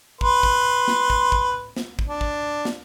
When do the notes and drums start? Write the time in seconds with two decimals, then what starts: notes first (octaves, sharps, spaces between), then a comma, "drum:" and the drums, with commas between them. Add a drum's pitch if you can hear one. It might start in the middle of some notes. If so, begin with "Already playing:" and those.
0.21 B4 C6, drum: kick
0.43 drum: kick
0.88 drum: snare
1.10 drum: kick
1.32 drum: kick
1.76 drum: snare
1.99 drum: kick
2.08 D4
2.21 drum: kick
2.65 drum: snare